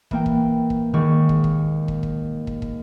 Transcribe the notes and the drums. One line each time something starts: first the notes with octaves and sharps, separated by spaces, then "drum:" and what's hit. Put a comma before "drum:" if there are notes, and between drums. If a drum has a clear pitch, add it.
E3 A#3 G5, drum: kick
drum: kick
drum: kick
D#2 G#2 D#3 C#6
drum: kick
drum: kick
drum: kick
drum: kick
drum: kick
drum: kick